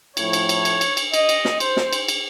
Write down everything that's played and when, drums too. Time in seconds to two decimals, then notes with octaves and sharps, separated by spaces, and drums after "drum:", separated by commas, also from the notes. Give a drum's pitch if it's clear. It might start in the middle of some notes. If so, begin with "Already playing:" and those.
0.17 A2 F3 C#5, drum: cymbal
0.33 drum: cymbal
0.49 drum: cymbal
0.65 drum: cymbal
0.81 drum: cymbal
0.97 drum: cymbal
1.14 D#5, drum: cymbal
1.29 drum: cymbal
1.45 drum: snare
1.60 C5, drum: cymbal
1.77 drum: snare
1.93 drum: cymbal
2.08 drum: cymbal